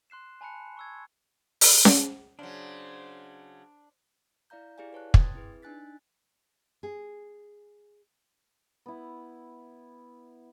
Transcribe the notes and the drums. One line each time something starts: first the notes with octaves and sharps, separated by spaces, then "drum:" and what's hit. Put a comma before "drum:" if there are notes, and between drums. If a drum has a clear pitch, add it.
C6 F#6 C7 E7
G#5 A5 B5 F#6 C#7
C#6 E6 G#6
drum: open hi-hat
drum: snare C#4
C#3 F#3 D4 C5
E4 D5 F5 A#5 G6
E4 G4 G#4 D5 F5 G#5
B4 C#5 A5 F#6
G5 C6 D#6 G#6 A6, drum: kick
C4 E4 G#4 B4
D4 D#4 G#5 F#6 A6 B6
G#4
B3 E4